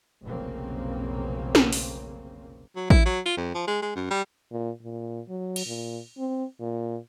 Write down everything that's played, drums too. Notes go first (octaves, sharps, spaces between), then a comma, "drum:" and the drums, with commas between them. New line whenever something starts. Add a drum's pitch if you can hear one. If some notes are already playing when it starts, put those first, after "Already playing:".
F1 B1 C#3 A#3 C4
drum: snare
drum: open hi-hat
F#3
E4, drum: kick A1
F#3
F4
F2
F3
G#3
G#3
F#2
G3
A#2
A#2
F#3
drum: cymbal
A#2
C4
A#2